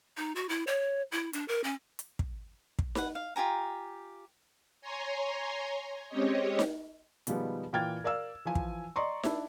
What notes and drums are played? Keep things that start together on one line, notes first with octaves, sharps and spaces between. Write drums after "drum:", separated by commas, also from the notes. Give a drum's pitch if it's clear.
D#4
F#4
E4
C#5
E4
D4, drum: hi-hat
A#4
C#4
drum: hi-hat
drum: kick
drum: kick
B4 F#5, drum: snare D#4
F5
F4 G4 G#5 A#5
C#5 G#5 A#5 C6
G#3 C4 C#4 G4 C#5 D#5
drum: snare D#4
B2 D#3 F3 G3 G#3 B3, drum: hi-hat
A#2 E3 G5 F6 G#6 A6
A#4 D5 F5 E6
E3 F3 G#5
drum: kick
D5 D#5 A#5 C6 C#6
D4 E4, drum: snare D#4